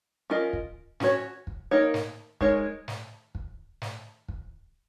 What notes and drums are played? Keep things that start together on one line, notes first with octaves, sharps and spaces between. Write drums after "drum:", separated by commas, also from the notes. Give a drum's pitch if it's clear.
C#4 F4 A#4 D#5
drum: kick
C#4 F#4 C#5, drum: snare
drum: kick
A#3 D#4 A#4 C#5
drum: snare
G#3 D#4 A#4 C#5, drum: kick
drum: snare
drum: kick
drum: snare
drum: kick